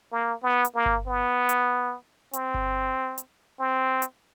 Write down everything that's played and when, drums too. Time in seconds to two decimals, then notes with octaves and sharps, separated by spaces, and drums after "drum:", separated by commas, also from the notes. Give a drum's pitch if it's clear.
0.12 A#3
0.43 B3
0.65 drum: hi-hat
0.75 A#3
0.86 drum: kick G1
1.07 B3
1.49 drum: hi-hat
2.33 C4, drum: hi-hat
2.54 drum: kick G1
3.18 drum: hi-hat
3.59 C4
4.02 drum: hi-hat